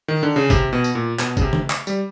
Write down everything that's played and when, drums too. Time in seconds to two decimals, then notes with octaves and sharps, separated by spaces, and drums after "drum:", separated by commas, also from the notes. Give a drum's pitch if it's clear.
0.08 D#3
0.23 D3
0.36 C#3
0.50 C3, drum: kick G1, tambourine
0.73 B2
0.84 drum: tambourine
0.95 A#2
1.19 B2, drum: clap
1.37 C#3, drum: kick G1, tambourine
1.42 C3
1.53 drum: tom C#3
1.70 drum: clap
1.87 G3, drum: tambourine